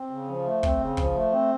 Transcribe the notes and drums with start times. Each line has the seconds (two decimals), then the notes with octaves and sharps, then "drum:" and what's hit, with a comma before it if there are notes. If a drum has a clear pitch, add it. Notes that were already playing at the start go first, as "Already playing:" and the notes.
Already playing: C4
0.10 C#3
0.28 F3
0.46 A3
0.63 C4, drum: kick
0.80 C#3
0.97 F3, drum: kick
1.15 A3
1.32 C4